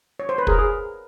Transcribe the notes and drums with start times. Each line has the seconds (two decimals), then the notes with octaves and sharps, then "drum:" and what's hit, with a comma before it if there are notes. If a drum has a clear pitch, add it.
0.19 C#5
0.29 C5
0.38 B4
0.47 G#4 A#4, drum: kick
0.59 G#4